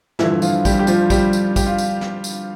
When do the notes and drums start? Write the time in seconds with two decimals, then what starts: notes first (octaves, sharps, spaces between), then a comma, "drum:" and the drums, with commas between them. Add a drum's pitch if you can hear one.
0.19 G2 D3 E3 F3 E4, drum: snare
0.42 F3 F4, drum: tambourine
0.65 G3 G4, drum: kick, tambourine
0.79 G4
0.87 F3 F4, drum: tambourine
1.10 G3 G4, drum: kick, tambourine
1.33 drum: tambourine
1.56 G4, drum: kick, tambourine
1.66 F4
1.78 drum: tambourine
2.01 drum: snare
2.24 drum: tambourine